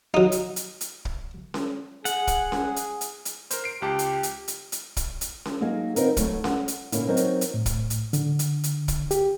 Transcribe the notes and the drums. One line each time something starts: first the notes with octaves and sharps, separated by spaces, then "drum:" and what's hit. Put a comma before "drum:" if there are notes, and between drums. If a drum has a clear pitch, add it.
F#3 D#4
drum: hi-hat
drum: hi-hat
drum: hi-hat
drum: kick
drum: snare C#4
G#4 F#5, drum: hi-hat
drum: kick, hi-hat
drum: snare C#4
drum: hi-hat
drum: hi-hat
drum: hi-hat
A#4 C5, drum: hi-hat
C7 D7
C#2 G4 A5 D6
drum: hi-hat
drum: hi-hat
drum: hi-hat
drum: hi-hat
drum: kick, hi-hat
drum: hi-hat
drum: snare C#4
F#3 A#3 D#4 F#4 G#4
D3 B3 C4 D#4 F4 A#4, drum: hi-hat
F#3 A3 E4, drum: kick, hi-hat
F#5, drum: snare C#4
drum: hi-hat
A#2 D3 A#3 C#4 E4, drum: hi-hat
F#3 C4 D#4 A#4 C5 C#5
drum: hi-hat
drum: hi-hat
A2
drum: kick, hi-hat
drum: hi-hat
D3, drum: hi-hat
drum: hi-hat
drum: hi-hat
drum: kick, hi-hat
G4, drum: hi-hat